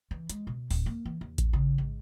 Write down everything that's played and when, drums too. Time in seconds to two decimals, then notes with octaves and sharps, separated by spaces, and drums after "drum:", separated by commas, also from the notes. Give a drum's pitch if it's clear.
0.11 E3
0.29 G#3, drum: hi-hat
0.47 B2
0.71 D1, drum: open hi-hat
0.86 A#3
1.05 E3
1.21 D#2
1.38 drum: kick A1, hi-hat
1.53 C#3
1.78 G#2